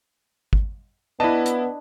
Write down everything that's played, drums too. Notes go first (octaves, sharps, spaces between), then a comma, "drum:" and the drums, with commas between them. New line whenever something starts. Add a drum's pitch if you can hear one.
drum: kick
B3 D4 E4 B4 D#5 A5
drum: hi-hat